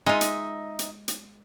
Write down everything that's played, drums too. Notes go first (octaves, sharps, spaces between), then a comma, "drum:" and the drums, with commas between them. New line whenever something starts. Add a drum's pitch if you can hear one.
G#3 D#4 F4 D#5 E5
drum: hi-hat
drum: hi-hat
drum: hi-hat